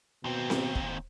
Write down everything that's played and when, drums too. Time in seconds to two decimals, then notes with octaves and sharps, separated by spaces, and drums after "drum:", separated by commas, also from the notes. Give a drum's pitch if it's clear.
0.24 D#2 B2 C4
0.50 drum: snare C4
0.75 drum: kick